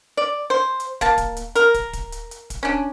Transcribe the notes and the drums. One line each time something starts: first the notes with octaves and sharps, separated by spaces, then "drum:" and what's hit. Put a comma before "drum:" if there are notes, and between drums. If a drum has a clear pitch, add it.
D5
C5
drum: hi-hat
A#3 A5, drum: kick, hi-hat
drum: kick, hi-hat
drum: hi-hat
A#4, drum: hi-hat
drum: kick, hi-hat
drum: kick, hi-hat
drum: hi-hat
drum: hi-hat
drum: kick, hi-hat
C#4 D4